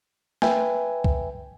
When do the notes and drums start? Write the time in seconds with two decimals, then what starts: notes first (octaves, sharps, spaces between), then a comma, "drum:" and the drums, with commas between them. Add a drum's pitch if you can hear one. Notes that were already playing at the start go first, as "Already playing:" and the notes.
0.42 B4 E5 G5 G#5, drum: snare A#3
1.04 drum: kick C2